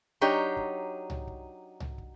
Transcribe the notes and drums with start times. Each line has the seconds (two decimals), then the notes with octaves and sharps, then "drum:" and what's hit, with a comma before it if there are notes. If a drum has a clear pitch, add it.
0.21 F#3 D4 D#4 G4 C#5
0.57 drum: kick
1.10 drum: tom C2
1.27 drum: kick
1.80 drum: tom C2
1.98 drum: kick